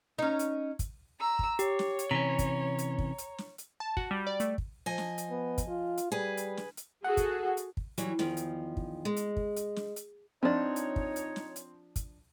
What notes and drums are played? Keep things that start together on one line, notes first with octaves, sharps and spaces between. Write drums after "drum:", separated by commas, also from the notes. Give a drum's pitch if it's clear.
C#4 D#4
drum: hi-hat
drum: kick, hi-hat
A#5 E6
drum: kick
G4 C#5, drum: hi-hat
drum: snare
drum: hi-hat
C3 E3 C#4 A#5
drum: kick, hi-hat
drum: hi-hat
drum: kick
drum: hi-hat
drum: snare
drum: hi-hat
A5
F#4, drum: kick
G3
D5
A3, drum: hi-hat
drum: kick
F3 D#5 G#5
drum: snare
drum: hi-hat
B3
drum: kick, hi-hat
F4
drum: hi-hat
G3 G#4 B4
drum: hi-hat
drum: snare
drum: hi-hat
F#4 G#4 A4 F#5
drum: kick, hi-hat
drum: hi-hat
drum: kick
E3 F#3 G3, drum: hi-hat
E2 D#3 F3, drum: snare
drum: hi-hat
drum: kick
G#3
drum: hi-hat
drum: kick
drum: hi-hat
drum: snare
drum: hi-hat
F3 C4 D4 D#4 C#5
drum: hi-hat
drum: kick
drum: hi-hat
drum: snare
drum: hi-hat
drum: kick, hi-hat